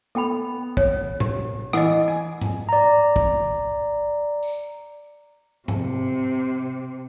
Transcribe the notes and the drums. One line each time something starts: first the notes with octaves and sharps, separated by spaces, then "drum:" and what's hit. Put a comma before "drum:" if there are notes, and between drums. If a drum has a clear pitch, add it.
B3 A4 G5 B5
C#5, drum: kick
G4, drum: tom A2
E3 D#5 F#5, drum: rim click
G#5
drum: tom G#2
D5 A#5
drum: kick
drum: tambourine
C3, drum: tom G#2